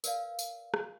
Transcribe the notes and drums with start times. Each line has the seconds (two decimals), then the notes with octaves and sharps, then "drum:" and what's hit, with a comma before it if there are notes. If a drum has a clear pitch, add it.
0.04 A#4 B4 D5 F5, drum: tambourine
0.39 drum: tambourine
0.74 drum: rim click